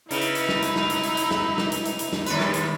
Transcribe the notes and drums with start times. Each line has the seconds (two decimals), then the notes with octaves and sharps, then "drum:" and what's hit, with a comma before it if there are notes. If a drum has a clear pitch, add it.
0.11 C#3 D#4 E4 B4, drum: hi-hat
0.21 drum: hi-hat
0.35 drum: hi-hat
0.49 drum: snare
0.62 drum: hi-hat
0.76 drum: snare
0.90 drum: hi-hat
1.03 drum: hi-hat
1.17 drum: hi-hat
1.31 drum: snare
1.58 drum: snare
1.72 drum: hi-hat
1.85 drum: hi-hat
1.99 drum: hi-hat
2.13 drum: snare
2.26 D#2 B4 C6, drum: hi-hat
2.40 drum: snare
2.54 drum: hi-hat